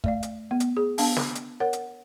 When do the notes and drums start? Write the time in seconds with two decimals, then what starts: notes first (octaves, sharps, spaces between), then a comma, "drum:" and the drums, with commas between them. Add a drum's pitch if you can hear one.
0.04 A3 D5 F5, drum: kick
0.23 drum: hi-hat
0.51 B3
0.60 drum: hi-hat
0.77 G#4
0.98 B3 D4 F5 A5, drum: open hi-hat
1.17 drum: snare
1.35 drum: hi-hat
1.60 A#4 C#5 F#5
1.73 drum: hi-hat